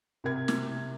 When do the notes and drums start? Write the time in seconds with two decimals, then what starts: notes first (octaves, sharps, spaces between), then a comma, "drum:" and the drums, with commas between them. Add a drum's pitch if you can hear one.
0.24 C3 A#4 G#6
0.48 drum: snare